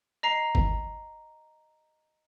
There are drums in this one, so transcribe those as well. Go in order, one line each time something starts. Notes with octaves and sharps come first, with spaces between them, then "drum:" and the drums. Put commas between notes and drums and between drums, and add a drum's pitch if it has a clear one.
D#5 A#5 C7
drum: kick G1